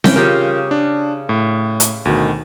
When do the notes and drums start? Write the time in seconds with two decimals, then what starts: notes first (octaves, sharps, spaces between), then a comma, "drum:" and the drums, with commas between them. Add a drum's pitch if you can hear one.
0.04 E3 C#4 G5, drum: snare C4
0.16 C#3 F4 G4 A#4 F5
0.71 D4
1.29 A2
1.80 drum: hi-hat
2.05 D2 B2 D#3